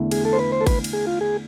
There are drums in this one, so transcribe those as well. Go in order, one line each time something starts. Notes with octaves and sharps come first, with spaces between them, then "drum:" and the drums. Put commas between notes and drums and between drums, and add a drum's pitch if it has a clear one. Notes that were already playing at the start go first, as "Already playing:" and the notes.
Already playing: E2 D3 A3 E4
G#4, drum: cymbal
A4
C5
B4
C5
A4
B4, drum: kick G#1, cymbal
drum: cymbal
G#4
F4
G#4